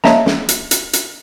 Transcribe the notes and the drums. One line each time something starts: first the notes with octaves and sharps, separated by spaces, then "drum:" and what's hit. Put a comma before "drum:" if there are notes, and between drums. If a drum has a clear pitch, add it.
A#3 C#5 D#5 E5 A5 A#5, drum: snare
drum: snare
drum: hi-hat
drum: hi-hat
drum: hi-hat